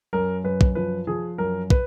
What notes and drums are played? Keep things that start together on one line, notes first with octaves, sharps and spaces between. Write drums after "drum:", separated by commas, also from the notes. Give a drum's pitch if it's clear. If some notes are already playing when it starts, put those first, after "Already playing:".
F#2 A#4
F#2 B4
drum: kick
F3 B4
F3 G#4
F#2 A#4
B4, drum: kick